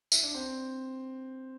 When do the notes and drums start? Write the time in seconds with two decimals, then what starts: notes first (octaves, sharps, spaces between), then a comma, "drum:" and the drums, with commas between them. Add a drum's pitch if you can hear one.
0.12 E4, drum: tambourine
0.23 D4
0.34 C4